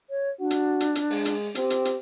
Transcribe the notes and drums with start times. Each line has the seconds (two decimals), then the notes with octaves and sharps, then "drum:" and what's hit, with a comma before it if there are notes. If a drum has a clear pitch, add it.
0.10 C#5
0.40 D4 F#4
0.50 drum: hi-hat
0.80 drum: hi-hat
0.95 drum: hi-hat
1.10 G#3, drum: open hi-hat
1.25 drum: hi-hat
1.55 C4 G4, drum: hi-hat
1.70 drum: hi-hat
1.85 drum: hi-hat